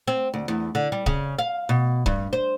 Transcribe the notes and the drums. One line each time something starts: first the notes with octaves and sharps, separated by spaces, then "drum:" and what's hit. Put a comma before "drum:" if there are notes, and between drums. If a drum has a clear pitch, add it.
C4
D2
E2
D3
G3
C#3, drum: kick C#1
F5
B2
G2, drum: kick C#1
C5